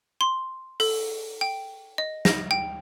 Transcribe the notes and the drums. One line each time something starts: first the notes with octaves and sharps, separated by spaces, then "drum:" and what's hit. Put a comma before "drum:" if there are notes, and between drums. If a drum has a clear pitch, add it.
C6
A4, drum: open hi-hat
G5
D#5
A#6, drum: snare
G5